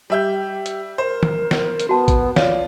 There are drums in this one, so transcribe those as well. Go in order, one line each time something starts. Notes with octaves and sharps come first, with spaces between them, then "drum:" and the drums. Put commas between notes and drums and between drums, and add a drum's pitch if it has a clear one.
G3 G4 E5 G6
drum: hi-hat
A#4 C5
drum: tom D#3
drum: snare
drum: hi-hat
B3 F#4 A5
drum: kick, hi-hat
F4 C#5 D5, drum: snare